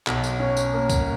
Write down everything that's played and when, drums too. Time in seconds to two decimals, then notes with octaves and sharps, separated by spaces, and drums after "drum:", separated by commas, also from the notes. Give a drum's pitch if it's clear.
0.07 B1, drum: clap
0.24 drum: tambourine
0.40 C#4
0.57 drum: tambourine
0.73 A#3
0.90 drum: kick, tambourine